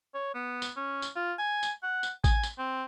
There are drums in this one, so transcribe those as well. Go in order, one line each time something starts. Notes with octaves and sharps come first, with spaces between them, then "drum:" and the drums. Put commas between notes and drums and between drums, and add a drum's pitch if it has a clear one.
C#5
B3
drum: tambourine
C#4
drum: tambourine
F4
G#5
drum: tambourine
F#5
drum: tambourine
G#5, drum: kick A1, tambourine
drum: tambourine
C4